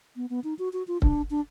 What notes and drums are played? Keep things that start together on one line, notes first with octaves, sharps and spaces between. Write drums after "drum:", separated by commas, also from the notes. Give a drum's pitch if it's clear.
B3
B3
D#4
F#4
F#4
F4
D4, drum: kick C#1
D4